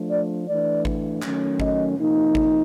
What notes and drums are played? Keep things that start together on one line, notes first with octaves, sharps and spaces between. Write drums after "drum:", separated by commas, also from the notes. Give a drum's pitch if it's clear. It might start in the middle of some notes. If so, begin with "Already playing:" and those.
Already playing: F3 A3 D4
D5
E3 A3 D4 D5
drum: kick G#1
D#3 F#3 A3 C#4, drum: clap
D#5, drum: kick G#1
C3 F3 A#3 D#4
drum: kick G#1